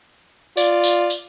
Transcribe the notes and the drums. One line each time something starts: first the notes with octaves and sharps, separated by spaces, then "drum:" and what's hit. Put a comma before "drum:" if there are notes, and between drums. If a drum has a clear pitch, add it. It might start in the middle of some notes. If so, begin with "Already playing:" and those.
F4 D5, drum: tambourine
drum: tambourine
drum: tambourine